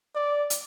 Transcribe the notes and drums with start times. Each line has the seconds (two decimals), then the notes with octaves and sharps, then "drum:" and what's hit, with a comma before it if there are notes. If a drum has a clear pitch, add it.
0.15 D5
0.50 drum: hi-hat